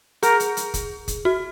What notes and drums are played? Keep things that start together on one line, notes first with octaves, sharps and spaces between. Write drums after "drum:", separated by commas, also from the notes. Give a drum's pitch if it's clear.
G#4 A#4, drum: hi-hat
drum: hi-hat
drum: hi-hat
drum: kick, hi-hat
drum: kick, hi-hat
F#4